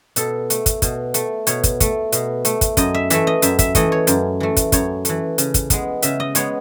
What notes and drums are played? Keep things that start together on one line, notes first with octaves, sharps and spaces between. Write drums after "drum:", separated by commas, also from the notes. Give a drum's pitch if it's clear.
B2 A4, drum: hi-hat
A3, drum: hi-hat
drum: kick, hi-hat
B2, drum: kick, hi-hat
A3, drum: hi-hat
B2 C#5, drum: hi-hat
drum: kick, hi-hat
A3, drum: kick, hi-hat
B2, drum: hi-hat
A3, drum: hi-hat
drum: kick, hi-hat
F#2 D#5, drum: kick, hi-hat
E5
E3 A3 E5, drum: hi-hat
D#5
F#2 E5, drum: hi-hat
E5, drum: kick, hi-hat
E3 A3 D#5, drum: kick, hi-hat
C#5
F#2, drum: hi-hat
E3 A3
drum: kick, hi-hat
F#2 C#5, drum: kick, hi-hat
E3 A3, drum: hi-hat
C#3, drum: hi-hat
drum: kick, hi-hat
G#3 B3, drum: kick, hi-hat
C#3 E5, drum: hi-hat
D#5
G#3 B3 C#5, drum: hi-hat